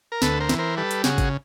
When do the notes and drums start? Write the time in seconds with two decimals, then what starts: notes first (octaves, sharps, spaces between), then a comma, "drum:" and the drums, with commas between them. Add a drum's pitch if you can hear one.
0.12 A#4
0.22 D2 A4 B4, drum: snare
0.40 A#4 C5
0.49 E3, drum: snare
0.58 A#4 C5
0.77 G3 A4 B4
0.91 drum: hi-hat
1.04 C#3 F#4 G#4, drum: snare
1.18 drum: kick G#1, hi-hat